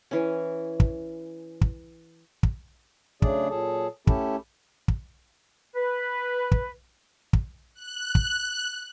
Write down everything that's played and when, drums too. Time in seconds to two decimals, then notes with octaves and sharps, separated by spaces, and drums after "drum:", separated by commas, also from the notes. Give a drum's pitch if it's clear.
0.11 E3 C#4
0.80 drum: kick
1.61 drum: kick
2.43 drum: kick
3.22 C#3 F#3 A3 D4 G#4 D5, drum: kick
3.50 A#2 F#3 G#4 A4
4.07 A3 C#4 E4 G4 A4, drum: kick
4.88 drum: kick
5.76 B4
6.52 drum: kick
7.33 drum: kick
7.74 F#6
8.15 drum: kick